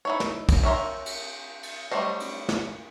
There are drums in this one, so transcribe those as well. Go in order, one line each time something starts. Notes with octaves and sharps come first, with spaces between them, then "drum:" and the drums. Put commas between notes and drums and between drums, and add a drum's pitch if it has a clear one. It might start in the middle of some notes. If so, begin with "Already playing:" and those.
D#4 E4 C#5
drum: snare
drum: kick, cymbal
F4 A#4 C#5 E5
drum: cymbal
drum: cymbal
F#3 G3 A3 C5 D#5
drum: cymbal
drum: snare